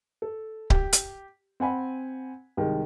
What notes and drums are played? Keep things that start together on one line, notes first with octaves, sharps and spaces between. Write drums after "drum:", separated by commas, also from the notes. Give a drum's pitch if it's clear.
A4
G4, drum: kick C#1
drum: hi-hat
C4 F#5 G#5 B5
C2 D#3 G#3